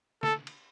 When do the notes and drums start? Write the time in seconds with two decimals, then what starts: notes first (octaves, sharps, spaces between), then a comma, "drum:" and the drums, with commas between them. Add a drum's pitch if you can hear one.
0.23 A4, drum: snare
0.47 drum: cymbal